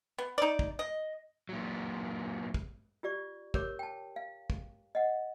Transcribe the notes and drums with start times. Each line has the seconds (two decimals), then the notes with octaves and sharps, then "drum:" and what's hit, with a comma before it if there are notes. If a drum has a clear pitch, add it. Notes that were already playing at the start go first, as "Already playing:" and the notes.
0.18 B3
0.38 D#4 D5
0.59 drum: kick
0.79 D#5
1.49 A#2 F#3
2.54 drum: kick
3.03 F4 G4 D5 C#6
3.54 G4 A#4 C#5 D6, drum: kick
3.79 G5 A5
4.16 F5
4.50 drum: kick
4.95 D#5 F#5